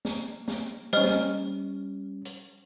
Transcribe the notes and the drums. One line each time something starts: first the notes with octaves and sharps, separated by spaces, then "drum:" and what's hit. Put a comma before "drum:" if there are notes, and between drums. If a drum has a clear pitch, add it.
drum: snare
drum: snare
G3 C#4 C5 D#5 F6
drum: snare
drum: hi-hat